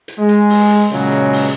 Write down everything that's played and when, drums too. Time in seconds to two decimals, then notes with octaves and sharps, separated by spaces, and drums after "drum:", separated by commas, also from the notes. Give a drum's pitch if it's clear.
0.08 drum: hi-hat
0.18 G#3
0.29 drum: hi-hat
0.50 drum: open hi-hat
0.70 drum: hi-hat
0.91 A#2 C#3 F#3 G#3, drum: hi-hat
1.12 drum: hi-hat
1.33 drum: open hi-hat